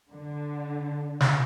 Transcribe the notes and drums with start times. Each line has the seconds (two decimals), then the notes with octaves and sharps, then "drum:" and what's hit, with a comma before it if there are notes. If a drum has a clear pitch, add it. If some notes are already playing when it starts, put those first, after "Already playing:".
0.11 D3
1.20 drum: snare